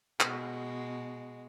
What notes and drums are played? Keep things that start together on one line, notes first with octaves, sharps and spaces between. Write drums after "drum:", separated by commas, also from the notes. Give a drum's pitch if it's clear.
B2 G#3 F#4, drum: clap